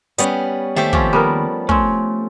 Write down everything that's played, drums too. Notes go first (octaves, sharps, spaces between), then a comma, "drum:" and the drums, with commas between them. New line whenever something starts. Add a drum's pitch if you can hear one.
G3 B3 C#4 D#5, drum: hi-hat
D#2 A3 G4 A4 C5 G#5
F3 C4 C#4 G4, drum: kick
G3 B3 A#4
A3 C4 C#4, drum: kick